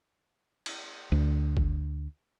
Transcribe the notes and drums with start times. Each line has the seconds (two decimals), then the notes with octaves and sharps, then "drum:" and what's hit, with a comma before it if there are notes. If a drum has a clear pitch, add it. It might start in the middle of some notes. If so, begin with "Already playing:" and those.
0.66 drum: cymbal
1.12 D2
1.57 drum: kick